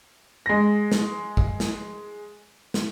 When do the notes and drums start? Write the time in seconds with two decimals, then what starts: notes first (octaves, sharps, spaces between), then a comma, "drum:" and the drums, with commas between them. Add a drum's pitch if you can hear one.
0.46 G#3 A#6
0.92 drum: snare
1.37 drum: kick
1.60 drum: snare
2.74 drum: snare